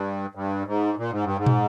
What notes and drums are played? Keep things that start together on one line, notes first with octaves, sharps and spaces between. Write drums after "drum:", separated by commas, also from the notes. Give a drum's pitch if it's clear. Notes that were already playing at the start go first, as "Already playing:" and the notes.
Already playing: G2
G2
G#2
A#2
G#2
G2
G#2
drum: tom